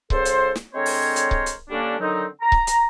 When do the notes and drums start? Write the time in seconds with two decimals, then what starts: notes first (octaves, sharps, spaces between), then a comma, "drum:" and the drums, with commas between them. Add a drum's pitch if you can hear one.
0.10 C#2 A4 C5, drum: kick C#1
0.25 drum: hi-hat
0.55 drum: snare
0.74 D3 G#3 C4 A#4 C5 C#5
0.86 drum: open hi-hat
1.16 drum: hi-hat
1.31 drum: kick C#1
1.46 drum: hi-hat
1.69 D3 G3 A#3 C#4 D4
1.99 D3 D#3 F#3 C4 D#4
2.41 A#5
2.52 drum: kick C#1
2.67 drum: hi-hat